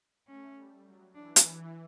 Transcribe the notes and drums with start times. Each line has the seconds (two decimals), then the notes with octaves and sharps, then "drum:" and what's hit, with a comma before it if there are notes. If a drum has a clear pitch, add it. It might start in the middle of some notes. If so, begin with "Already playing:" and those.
0.28 A3 C#4
0.57 G3
0.85 F#3
1.15 E3 D4
1.36 drum: hi-hat